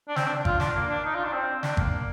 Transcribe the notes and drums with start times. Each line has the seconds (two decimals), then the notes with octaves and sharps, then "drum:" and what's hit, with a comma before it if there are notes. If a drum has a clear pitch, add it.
0.08 D4
0.16 C4, drum: snare
0.26 D4
0.45 F4, drum: kick G#1
0.60 D4, drum: snare
0.75 A#3
0.90 D4
1.04 D#4
1.14 F4
1.24 D4
1.33 C4
1.63 D4, drum: snare
1.77 A#3, drum: kick G#1